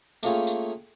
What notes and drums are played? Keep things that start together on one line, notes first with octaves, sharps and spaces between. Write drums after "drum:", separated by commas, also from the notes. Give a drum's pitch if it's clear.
A3 A#3 C#4 F4 G#4 G5, drum: tambourine
drum: tambourine